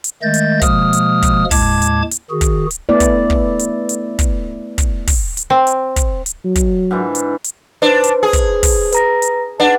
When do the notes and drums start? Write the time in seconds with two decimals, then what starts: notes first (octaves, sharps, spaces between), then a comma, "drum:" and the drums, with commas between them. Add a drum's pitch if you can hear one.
0.04 drum: hi-hat
0.23 D#3 G#3 A3 D#5 G6 A6
0.34 drum: hi-hat
0.61 B2 F3 G#3 A#3 D#6 F6, drum: kick, hi-hat
0.93 drum: hi-hat
1.22 drum: kick, hi-hat
1.51 D#2 A2 G#3 A5 D6 G#6, drum: kick, open hi-hat
1.82 drum: hi-hat
2.11 drum: hi-hat
2.30 D#3 F#4 G#4
2.41 drum: kick, hi-hat
2.71 drum: hi-hat
2.89 A3 B3 E4 D5
3.00 drum: kick, hi-hat
3.30 drum: kick
3.59 drum: hi-hat
3.89 drum: hi-hat
4.19 drum: kick, hi-hat
4.78 drum: kick, hi-hat
5.07 drum: kick, open hi-hat
5.37 drum: hi-hat
5.50 C4
5.67 drum: hi-hat
5.96 drum: kick, hi-hat
6.26 drum: hi-hat
6.45 F#3
6.55 drum: kick, hi-hat
6.91 G#2 D3 E3
7.15 drum: hi-hat
7.44 drum: hi-hat
7.82 D4 B4 C5
8.04 drum: hi-hat
8.23 G#4
8.33 drum: kick, hi-hat
8.63 drum: kick, open hi-hat
8.92 B4 A#5 A#6, drum: hi-hat
9.22 drum: hi-hat
9.60 D4 B4 F#5